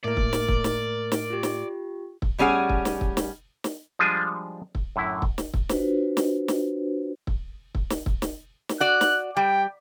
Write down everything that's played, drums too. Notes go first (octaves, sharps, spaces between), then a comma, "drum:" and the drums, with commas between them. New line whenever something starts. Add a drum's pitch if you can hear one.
A2 A#3 A#4 D5
drum: kick
drum: snare
drum: kick
drum: snare
drum: snare
F4 G4
drum: snare
drum: kick
A2 G3 C#4 G#4 F#5
drum: kick
drum: snare
drum: kick
drum: snare
drum: snare
F3 G3 G#3 D4 F4 G#5
drum: kick
F#2 A2 D3 E4
drum: kick
drum: snare
drum: kick
D4 F4 F#4 B4 C5, drum: snare
drum: snare
drum: snare
drum: kick
drum: kick
drum: snare
drum: kick
drum: snare
drum: snare
F#4 D5 F#6
drum: snare
G3 G5